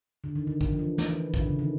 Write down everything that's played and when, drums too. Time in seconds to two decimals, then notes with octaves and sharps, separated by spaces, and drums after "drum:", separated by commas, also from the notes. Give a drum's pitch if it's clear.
0.24 D3
0.35 D#3
0.47 D3
0.61 D3, drum: kick
0.72 F3
0.79 E3
0.98 E3, drum: snare
1.10 E3
1.34 D3, drum: kick
1.47 C#3
1.59 D#3